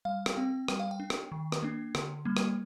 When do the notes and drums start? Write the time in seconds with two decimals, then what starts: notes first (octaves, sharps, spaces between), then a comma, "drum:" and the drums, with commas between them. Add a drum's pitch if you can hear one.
0.05 G3 F5
0.26 drum: rim click
0.36 C4 G5
0.68 G3 G5, drum: rim click
0.79 F5
0.91 G5
1.00 D4
1.10 drum: rim click
1.32 D#3
1.52 drum: rim click
1.62 A#3 D4
1.95 D3, drum: rim click
2.25 G3 A#3
2.37 drum: rim click